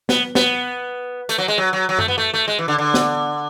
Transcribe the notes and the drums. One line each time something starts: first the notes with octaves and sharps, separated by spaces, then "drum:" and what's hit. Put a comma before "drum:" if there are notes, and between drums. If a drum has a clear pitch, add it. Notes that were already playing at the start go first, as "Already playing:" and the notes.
B3, drum: snare
B3, drum: snare
A3, drum: hi-hat
F#3
G#3
F#3
F#3
F#3
A3, drum: tom F#2
B3
A3
A3
G#3
E3
D3
D3
drum: snare